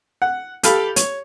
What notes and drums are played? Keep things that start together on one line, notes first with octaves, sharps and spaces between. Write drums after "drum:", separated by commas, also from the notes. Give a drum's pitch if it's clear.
F#5
G4 A4 F5 B5, drum: hi-hat
C#5, drum: hi-hat